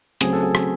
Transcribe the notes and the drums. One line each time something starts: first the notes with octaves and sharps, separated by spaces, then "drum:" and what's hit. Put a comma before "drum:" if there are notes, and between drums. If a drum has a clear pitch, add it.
C#3 F#3 A3 C4 G#4, drum: hi-hat
A4
G#4
drum: rim click